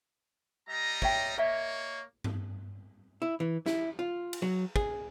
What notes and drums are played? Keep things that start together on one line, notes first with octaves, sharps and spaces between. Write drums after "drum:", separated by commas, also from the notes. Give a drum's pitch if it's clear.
G3 D#5 A#5
C#5 E5 G5, drum: kick
A#3 A#4 C#5 D#5 E5
drum: tom G2
E4
E3
E4, drum: snare
F4
drum: cymbal
F#3
G#4, drum: kick